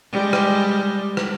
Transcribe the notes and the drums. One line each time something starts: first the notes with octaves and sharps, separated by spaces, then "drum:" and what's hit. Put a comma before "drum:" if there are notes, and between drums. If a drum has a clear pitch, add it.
G3 G#3
drum: rim click
drum: rim click